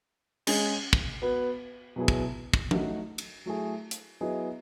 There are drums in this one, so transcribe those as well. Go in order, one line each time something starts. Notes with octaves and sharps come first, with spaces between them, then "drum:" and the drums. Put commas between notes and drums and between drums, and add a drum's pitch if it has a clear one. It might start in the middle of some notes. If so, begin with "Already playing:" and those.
G#3 C#4 G#4, drum: cymbal
drum: kick
B3 F#4 B4
B2 F#3 B3 E4 G#4
drum: kick
drum: kick
F#3 A3 D#4 F#4, drum: tom F3
drum: cymbal
F#3 A3 E4 G#4
drum: hi-hat
F#3 B3 E4 G#4 D#5